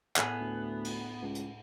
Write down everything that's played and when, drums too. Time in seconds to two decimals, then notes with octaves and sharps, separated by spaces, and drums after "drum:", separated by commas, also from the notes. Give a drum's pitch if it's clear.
0.16 A2 B3 G#4, drum: clap
0.40 D2
0.85 drum: cymbal
1.22 C#2
1.35 drum: hi-hat